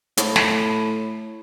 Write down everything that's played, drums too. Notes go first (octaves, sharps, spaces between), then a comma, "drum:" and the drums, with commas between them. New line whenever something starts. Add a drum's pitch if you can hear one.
A2, drum: hi-hat
drum: snare